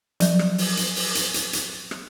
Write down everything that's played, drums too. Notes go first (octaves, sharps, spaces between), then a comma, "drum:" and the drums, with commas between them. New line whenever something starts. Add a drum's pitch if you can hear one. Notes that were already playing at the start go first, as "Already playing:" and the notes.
F3 F#3, drum: hi-hat
drum: rim click
drum: open hi-hat
drum: hi-hat
drum: open hi-hat
drum: hi-hat
drum: hi-hat
drum: hi-hat
drum: rim click